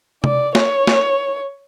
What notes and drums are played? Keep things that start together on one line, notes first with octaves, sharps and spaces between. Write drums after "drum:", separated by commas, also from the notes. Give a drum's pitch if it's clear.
D5, drum: tom C3
C#5, drum: snare
drum: snare